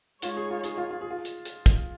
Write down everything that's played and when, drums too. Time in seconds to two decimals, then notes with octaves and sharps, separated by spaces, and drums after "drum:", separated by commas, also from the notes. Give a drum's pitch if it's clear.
0.22 G#3 D#4 F4 C#5, drum: hi-hat
0.37 G#4
0.51 F4
0.64 G#4, drum: hi-hat
0.77 F4
0.91 F4
1.01 G#4
1.10 F4
1.25 drum: hi-hat
1.45 drum: hi-hat
1.66 drum: kick, hi-hat